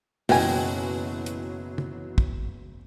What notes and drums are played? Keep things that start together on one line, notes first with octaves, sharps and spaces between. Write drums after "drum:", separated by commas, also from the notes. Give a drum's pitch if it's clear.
F#1 B2 E3 F#3 G5 G#5, drum: open hi-hat
drum: hi-hat
drum: tom
drum: kick